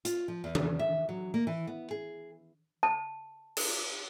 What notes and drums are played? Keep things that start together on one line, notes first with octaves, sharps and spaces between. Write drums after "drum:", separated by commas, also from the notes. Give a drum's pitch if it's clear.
F4, drum: hi-hat
F3
E2
drum: tom D#3
E5
F#3
A#3
E3
B3
G#4
A5
drum: cymbal